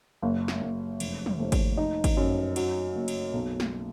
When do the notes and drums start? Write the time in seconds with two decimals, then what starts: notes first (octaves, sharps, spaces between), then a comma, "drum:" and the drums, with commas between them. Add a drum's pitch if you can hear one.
0.22 F#1
0.48 drum: snare
0.61 F#1
1.00 F1, drum: cymbal
1.26 drum: tom
1.39 F1
1.52 drum: kick G#1, cymbal
1.77 D#4
2.04 drum: kick G#1, cymbal
2.17 F#2
2.56 F#3, drum: cymbal
2.95 F#1
3.08 drum: cymbal
3.33 B1
3.60 drum: snare